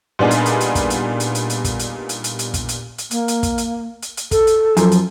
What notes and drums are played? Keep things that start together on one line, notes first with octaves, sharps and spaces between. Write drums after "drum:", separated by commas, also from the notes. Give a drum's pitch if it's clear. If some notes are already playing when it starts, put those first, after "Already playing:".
A#2 G3 B3 D4 D#4 G#4
drum: hi-hat
drum: hi-hat
drum: hi-hat
drum: kick, hi-hat
drum: hi-hat
drum: hi-hat
drum: hi-hat
drum: hi-hat
drum: kick, hi-hat
drum: hi-hat
drum: hi-hat
drum: hi-hat
drum: hi-hat
drum: kick, hi-hat
drum: hi-hat
drum: hi-hat
A#3, drum: hi-hat
drum: hi-hat
drum: kick, hi-hat
drum: hi-hat
drum: hi-hat
drum: hi-hat
A4, drum: kick, hi-hat
drum: hi-hat
F#2 F3, drum: hi-hat
drum: hi-hat